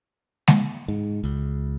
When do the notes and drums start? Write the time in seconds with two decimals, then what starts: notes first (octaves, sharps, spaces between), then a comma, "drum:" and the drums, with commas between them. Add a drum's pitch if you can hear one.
0.48 drum: snare G#3
0.88 G#2
1.24 C#2